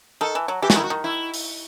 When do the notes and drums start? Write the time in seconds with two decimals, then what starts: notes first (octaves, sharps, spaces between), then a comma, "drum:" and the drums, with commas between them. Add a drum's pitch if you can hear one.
0.21 D#3 A4
0.35 E3
0.48 F#3
0.62 E3 G4
0.70 F#4, drum: snare
0.76 D#3 E4
0.84 F#4
0.90 D#3
1.04 E4
1.34 drum: open hi-hat